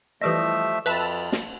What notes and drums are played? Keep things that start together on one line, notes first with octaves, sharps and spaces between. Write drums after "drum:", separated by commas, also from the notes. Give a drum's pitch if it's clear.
E3 F3 G3 A3 D#5 E5
F2 B4 E5 A5, drum: cymbal
drum: snare